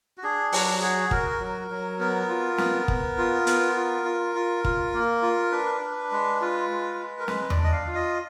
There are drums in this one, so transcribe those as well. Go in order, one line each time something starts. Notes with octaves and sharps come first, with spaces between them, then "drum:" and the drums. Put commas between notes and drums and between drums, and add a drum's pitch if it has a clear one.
F#4
D4 G#4
F#3 F#4, drum: open hi-hat
F#4 G#4
F#4 A#4, drum: kick
F#3
F#3
B3 A#4
F4
B3, drum: snare
B3, drum: kick
F4
B3, drum: hi-hat
F4
F4
F4
F4, drum: kick
A#3
F4
D4 B4
D4
G#3
F4
G#3
G#3
A#4
G#3 B4, drum: snare
D5, drum: tom E2
D4
D#5
F5
F4
D#5